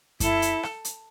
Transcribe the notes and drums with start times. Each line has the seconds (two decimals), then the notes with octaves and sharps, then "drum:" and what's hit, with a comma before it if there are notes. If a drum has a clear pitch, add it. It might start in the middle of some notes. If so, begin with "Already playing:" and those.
0.20 E4 A4, drum: kick F#2, hi-hat
0.42 drum: hi-hat
0.63 drum: rim click
0.85 drum: hi-hat